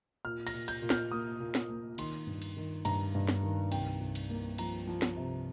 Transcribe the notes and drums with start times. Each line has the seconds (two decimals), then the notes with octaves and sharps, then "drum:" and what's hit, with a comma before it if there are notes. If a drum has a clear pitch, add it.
0.25 A#2 F6
0.47 A#6, drum: cymbal
0.54 A#2
0.68 G6, drum: cymbal
0.82 A#2
0.90 F6, drum: snare
1.11 A#3 D#6
1.40 A#2
1.55 drum: snare
1.70 A#3
1.98 D#3 C6, drum: cymbal
2.27 G2
2.42 drum: cymbal
2.57 D#3
2.85 G2 A#5, drum: cymbal
3.15 G2
3.28 drum: snare
3.43 D#3
3.72 C2 G5, drum: cymbal
4.01 C2
4.15 drum: cymbal
4.29 A#3
4.58 F3 A#5, drum: cymbal
4.87 F3
5.02 drum: snare
5.16 C3